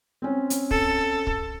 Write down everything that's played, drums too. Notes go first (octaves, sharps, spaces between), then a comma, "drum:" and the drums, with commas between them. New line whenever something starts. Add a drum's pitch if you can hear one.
C4 C#4
drum: hi-hat
A4, drum: kick
drum: kick